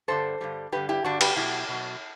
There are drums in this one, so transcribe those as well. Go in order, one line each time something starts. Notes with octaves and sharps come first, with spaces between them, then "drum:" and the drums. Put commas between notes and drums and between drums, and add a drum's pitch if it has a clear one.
G2 D3 G3 A4 C5
G2 D3 G3
G2 D3 G3 G4 B4
E4 G4
G2 D3 G3 D4 F#4
G4 B4, drum: cymbal
B2 F#3 E4 G4
B2 F#3